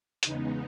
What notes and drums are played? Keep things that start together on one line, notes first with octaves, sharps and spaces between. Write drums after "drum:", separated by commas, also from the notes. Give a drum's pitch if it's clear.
E2 C#3 G#3 B3 D#4, drum: hi-hat